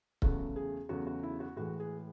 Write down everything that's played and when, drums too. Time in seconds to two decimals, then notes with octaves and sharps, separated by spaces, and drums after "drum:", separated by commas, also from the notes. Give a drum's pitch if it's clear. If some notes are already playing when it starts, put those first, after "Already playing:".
0.22 E2 C#3 F#3 A3 F#4, drum: kick C#1
0.56 G#4
0.89 E2 C#3 F#3 A3 F#4
1.07 F#4
1.23 E4
1.40 F#4
1.56 A2 E3 G#3 F#4
1.80 G#4